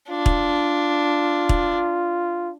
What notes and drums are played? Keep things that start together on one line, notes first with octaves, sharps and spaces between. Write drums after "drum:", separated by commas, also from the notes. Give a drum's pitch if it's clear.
D4 F4
drum: kick
drum: kick